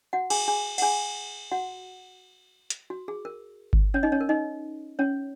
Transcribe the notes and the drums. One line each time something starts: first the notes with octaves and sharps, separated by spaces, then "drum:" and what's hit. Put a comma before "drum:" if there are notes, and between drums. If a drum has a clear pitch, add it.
F#4 F#5
G#4 G#5, drum: cymbal
G#4 G#5
F#5, drum: cymbal
G#4 G#5
F#4 F#5
drum: hi-hat
F#4
G#4
A#4
drum: kick G1
C#4 C#5
D#4 D#5
C#4 C#5
A#4
D#4 D#5
C#4 C#5